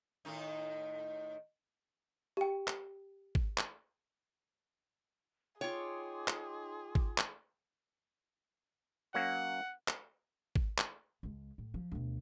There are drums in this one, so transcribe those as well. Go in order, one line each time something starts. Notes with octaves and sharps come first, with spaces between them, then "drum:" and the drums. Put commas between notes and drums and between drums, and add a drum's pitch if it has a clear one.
A2 D#3 D#4
G4 G5
drum: clap
drum: kick G#1
drum: clap
D#4 F4 G#4 C#5 G5 C6 D6
drum: clap
drum: kick G#1
drum: clap
F#3 A#3 C#4 F#5
drum: clap
drum: kick G#1
drum: clap
C#2 G#3
A2
F3
D2 B2